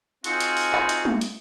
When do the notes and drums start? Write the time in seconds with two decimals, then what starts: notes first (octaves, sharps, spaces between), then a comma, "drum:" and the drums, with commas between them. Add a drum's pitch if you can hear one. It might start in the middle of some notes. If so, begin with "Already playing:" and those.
0.24 C4 D#4 F4 F#4 G#4 C5, drum: hi-hat
0.40 drum: hi-hat
0.57 drum: open hi-hat
0.73 drum: clap
0.89 drum: hi-hat
1.05 drum: tom
1.21 drum: hi-hat